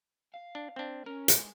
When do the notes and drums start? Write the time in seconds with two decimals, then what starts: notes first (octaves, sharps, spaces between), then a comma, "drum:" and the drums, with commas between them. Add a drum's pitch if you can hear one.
0.34 F5
0.55 D4
0.76 C4 D4
1.06 C#4 A#4
1.28 G#3, drum: hi-hat